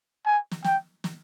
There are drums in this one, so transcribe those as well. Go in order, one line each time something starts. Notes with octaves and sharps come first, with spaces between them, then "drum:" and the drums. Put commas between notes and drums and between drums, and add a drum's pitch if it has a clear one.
G#5
drum: snare
G5, drum: snare
drum: snare